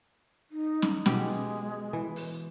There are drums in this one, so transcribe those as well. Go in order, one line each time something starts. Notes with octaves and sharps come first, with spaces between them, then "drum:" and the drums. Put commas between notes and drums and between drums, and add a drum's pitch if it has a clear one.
D#4
drum: snare C#4
B2 G#3 G4, drum: snare C#4
E3
drum: open hi-hat